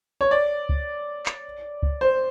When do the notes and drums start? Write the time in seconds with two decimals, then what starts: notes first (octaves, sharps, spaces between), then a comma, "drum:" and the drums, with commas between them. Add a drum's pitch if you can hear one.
0.21 C#5
0.31 D5
0.69 drum: kick C#2
1.26 drum: clap
1.83 drum: kick C#2
2.01 C5